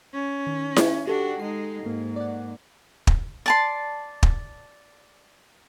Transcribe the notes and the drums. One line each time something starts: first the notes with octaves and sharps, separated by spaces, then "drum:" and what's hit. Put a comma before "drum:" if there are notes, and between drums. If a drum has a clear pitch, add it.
C#4
D#3
drum: snare E4
D4 F#4 G4 A4 F#5
G#3 D#4 C7
G#2 A#3 D#4
D5 F#5
drum: kick
D5 A5 C6
drum: kick